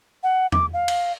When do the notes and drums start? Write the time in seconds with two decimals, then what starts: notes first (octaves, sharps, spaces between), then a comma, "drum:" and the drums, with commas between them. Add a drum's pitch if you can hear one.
0.23 F#5
0.52 D6, drum: tom E2
0.73 F5
0.88 drum: cymbal